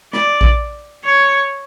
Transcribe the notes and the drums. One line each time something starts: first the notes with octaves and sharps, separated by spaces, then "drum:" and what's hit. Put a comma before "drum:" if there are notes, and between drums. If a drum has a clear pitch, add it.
D5, drum: rim click
drum: kick A#1
C#5